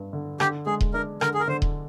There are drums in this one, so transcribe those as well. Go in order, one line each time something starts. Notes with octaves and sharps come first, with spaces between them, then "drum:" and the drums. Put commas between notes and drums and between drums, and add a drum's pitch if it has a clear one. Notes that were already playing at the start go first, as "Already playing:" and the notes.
Already playing: G2
D3
D3 G4, drum: rim click
G#3 G#4
drum: kick D#1
D4 A#4
D3 A#4, drum: rim click
G#4
A#4
D3 C5
drum: kick D#1